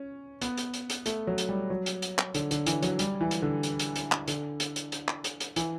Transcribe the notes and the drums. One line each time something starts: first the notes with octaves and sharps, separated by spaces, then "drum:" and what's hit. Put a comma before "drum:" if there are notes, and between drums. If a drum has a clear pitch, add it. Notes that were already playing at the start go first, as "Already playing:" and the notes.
Already playing: C#4
B3, drum: hi-hat
drum: hi-hat
drum: hi-hat
drum: hi-hat
A3, drum: hi-hat
F#3
drum: hi-hat
G3
F#3
drum: hi-hat
drum: hi-hat
drum: clap
D3, drum: hi-hat
D3, drum: hi-hat
E3, drum: hi-hat
F#3, drum: hi-hat
G3, drum: hi-hat
E3
drum: hi-hat
D3
drum: hi-hat
drum: hi-hat
drum: hi-hat
drum: clap
D3, drum: hi-hat
drum: hi-hat
drum: hi-hat
drum: hi-hat
drum: clap
drum: hi-hat
drum: hi-hat
E3, drum: hi-hat